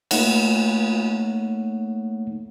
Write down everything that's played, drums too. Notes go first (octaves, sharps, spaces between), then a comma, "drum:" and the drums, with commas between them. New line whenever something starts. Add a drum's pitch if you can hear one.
A3 A#3 D#4 C#5 F#5, drum: cymbal